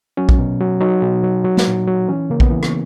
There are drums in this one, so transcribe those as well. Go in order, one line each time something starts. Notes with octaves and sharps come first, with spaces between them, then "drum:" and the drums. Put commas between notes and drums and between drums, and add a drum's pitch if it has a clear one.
F#3 C#4
drum: kick A#1
B2
F#3
F#3 D#4
B2
F#3
F#3
drum: snare
A#2
F#3
E3 C#4
C#3 A#3
B3, drum: kick A#1
E3
drum: rim click